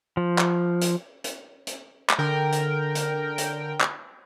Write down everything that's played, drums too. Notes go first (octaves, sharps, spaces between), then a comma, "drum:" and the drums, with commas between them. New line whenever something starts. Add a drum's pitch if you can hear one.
F3
drum: clap
drum: hi-hat
drum: hi-hat
drum: hi-hat
drum: clap
D3 A#4 G5
drum: hi-hat
drum: hi-hat
drum: hi-hat
drum: clap